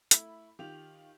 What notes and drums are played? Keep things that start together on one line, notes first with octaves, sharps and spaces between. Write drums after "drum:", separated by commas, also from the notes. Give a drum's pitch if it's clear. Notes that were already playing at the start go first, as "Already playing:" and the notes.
A3 E4 B5, drum: hi-hat
D#3 F4 G4 F7